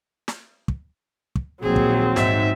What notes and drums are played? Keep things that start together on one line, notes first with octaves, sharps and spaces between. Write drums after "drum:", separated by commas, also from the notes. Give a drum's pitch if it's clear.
drum: snare
drum: kick
drum: kick
A#1 D#2 F#3 C4 G#4
drum: kick
G#2 E5, drum: snare